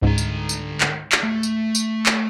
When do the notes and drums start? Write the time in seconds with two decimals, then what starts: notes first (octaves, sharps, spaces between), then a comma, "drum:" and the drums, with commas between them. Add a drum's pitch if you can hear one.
0.02 C#2 G#2 D3 A#5
0.18 drum: tambourine
0.49 drum: tambourine
0.81 drum: clap
1.12 drum: clap
1.23 A3
1.43 drum: tambourine
1.75 drum: tambourine
2.06 drum: clap